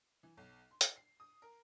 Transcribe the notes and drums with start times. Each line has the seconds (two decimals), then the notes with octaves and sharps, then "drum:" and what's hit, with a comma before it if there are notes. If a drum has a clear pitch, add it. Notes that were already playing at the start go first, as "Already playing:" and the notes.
0.23 E3
0.37 B1
0.71 C6
0.81 drum: hi-hat
0.96 C7
1.20 D#6
1.42 A#4